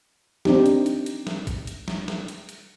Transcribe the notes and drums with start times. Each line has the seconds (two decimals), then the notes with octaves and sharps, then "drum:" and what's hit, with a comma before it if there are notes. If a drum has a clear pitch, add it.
0.45 C4 D4 D#4 G4, drum: snare
0.66 drum: hi-hat
0.86 drum: hi-hat
1.06 drum: hi-hat
1.27 drum: snare
1.47 drum: kick A1, hi-hat
1.67 drum: hi-hat
1.88 drum: snare
2.08 drum: snare
2.28 drum: hi-hat
2.49 drum: hi-hat